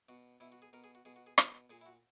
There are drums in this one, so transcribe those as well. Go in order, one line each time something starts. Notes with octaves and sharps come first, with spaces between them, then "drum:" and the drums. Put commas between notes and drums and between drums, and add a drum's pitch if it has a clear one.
B2 F#4
B2 E4
F#4
G#4
B2 A#4
G#4
F#4
B2 G#4
F#4
G#4
B2 A#4, drum: rim click
A#2 G#4
E4
F#4